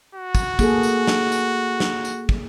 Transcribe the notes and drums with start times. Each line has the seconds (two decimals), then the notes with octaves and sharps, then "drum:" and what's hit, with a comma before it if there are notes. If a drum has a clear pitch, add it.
0.15 F#4
0.35 drum: kick, tambourine
0.59 A#3 G#4 A4, drum: kick, tambourine
0.83 drum: tambourine
1.07 drum: snare
1.32 drum: tambourine
1.80 drum: snare
2.05 drum: tambourine
2.29 drum: kick